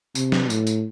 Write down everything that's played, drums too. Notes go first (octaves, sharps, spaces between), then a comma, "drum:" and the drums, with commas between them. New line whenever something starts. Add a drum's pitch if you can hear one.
C3, drum: tambourine
drum: snare
A2, drum: tambourine
drum: tambourine